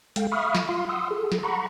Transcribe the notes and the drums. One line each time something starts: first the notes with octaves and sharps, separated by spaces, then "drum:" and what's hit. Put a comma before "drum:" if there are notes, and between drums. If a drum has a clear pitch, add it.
G#3 A4 F5 G5, drum: hi-hat
E5 F5 B5 C#6 D#6 F6
drum: snare
F4 F5 C6
F#5 C6 D#6 E6
G#4 A4
drum: snare
F#5 A#5 B5 C#6